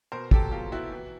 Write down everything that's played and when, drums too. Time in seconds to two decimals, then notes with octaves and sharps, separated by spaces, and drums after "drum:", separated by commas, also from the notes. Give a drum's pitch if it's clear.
0.12 B2 A#4 C5
0.31 F#3 G4 A4, drum: kick
0.51 B2 F4 G4
0.72 B3 E4 F#4
0.92 E3